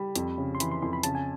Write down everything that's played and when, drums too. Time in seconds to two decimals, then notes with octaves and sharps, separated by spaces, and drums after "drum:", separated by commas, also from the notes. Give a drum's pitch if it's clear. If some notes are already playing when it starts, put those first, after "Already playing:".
Already playing: G3 B5
0.16 F2, drum: hi-hat
0.38 C#3
0.55 C6
0.60 E3 B5, drum: hi-hat
0.71 C6
0.82 F2 C6
0.93 B5
1.03 C#3 A5, drum: hi-hat
1.15 G#5